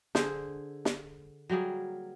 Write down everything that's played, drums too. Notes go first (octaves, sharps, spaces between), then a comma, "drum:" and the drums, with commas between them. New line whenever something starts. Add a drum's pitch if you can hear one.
D3 G#4 C5, drum: snare
drum: snare
F#3 G3 A#3 G#4